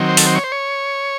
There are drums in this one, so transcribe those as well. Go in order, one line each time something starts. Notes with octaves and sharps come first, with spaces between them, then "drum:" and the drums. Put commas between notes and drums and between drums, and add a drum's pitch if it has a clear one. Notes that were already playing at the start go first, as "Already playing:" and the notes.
Already playing: D#3 F#3 C4
C5
A4, drum: open hi-hat
C5
C#5
C5
C#5